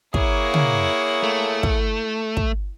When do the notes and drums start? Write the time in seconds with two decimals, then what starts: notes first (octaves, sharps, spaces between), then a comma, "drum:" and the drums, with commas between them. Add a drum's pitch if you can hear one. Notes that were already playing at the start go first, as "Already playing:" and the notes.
0.14 A#3 E4 G#4 C#5 F#5, drum: kick
0.54 drum: tom
1.23 A3
1.63 drum: kick
2.37 drum: kick